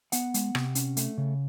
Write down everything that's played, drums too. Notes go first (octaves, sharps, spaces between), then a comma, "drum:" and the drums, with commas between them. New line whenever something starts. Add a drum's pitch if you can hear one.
B3 F#5, drum: hi-hat
G#3, drum: hi-hat
C3, drum: rim click
C#4, drum: hi-hat
A3, drum: hi-hat
C#3